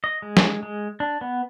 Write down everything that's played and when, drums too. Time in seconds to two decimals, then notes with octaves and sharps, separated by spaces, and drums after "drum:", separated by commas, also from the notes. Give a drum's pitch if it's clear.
0.04 D#5
0.22 G#3
0.37 drum: snare
0.63 G#3
1.00 D4
1.21 B3